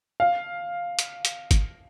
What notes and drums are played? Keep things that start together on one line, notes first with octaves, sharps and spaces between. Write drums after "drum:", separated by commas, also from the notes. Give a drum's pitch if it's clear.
F5
drum: hi-hat
drum: hi-hat
drum: kick, hi-hat